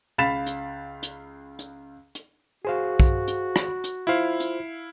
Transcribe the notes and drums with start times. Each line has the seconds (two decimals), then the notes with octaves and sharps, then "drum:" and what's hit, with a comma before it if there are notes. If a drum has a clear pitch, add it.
0.18 C#2 F5 B5 A6 B6 E7
0.46 drum: hi-hat
1.03 drum: hi-hat
1.59 drum: hi-hat
2.15 drum: hi-hat
2.65 F#4 G#4 C5 F5
3.00 drum: kick
3.28 drum: hi-hat
3.56 drum: rim click
3.84 drum: hi-hat
4.07 E4 F4 C5 F5
4.40 drum: hi-hat